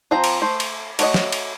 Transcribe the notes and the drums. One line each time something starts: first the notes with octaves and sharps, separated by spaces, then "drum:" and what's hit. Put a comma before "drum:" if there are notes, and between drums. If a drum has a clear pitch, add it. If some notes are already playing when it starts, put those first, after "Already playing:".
F3 C4 C5 A#5
drum: cymbal
A3 C5
drum: cymbal
A3 F#4 C#5 D#5, drum: cymbal
drum: snare
drum: cymbal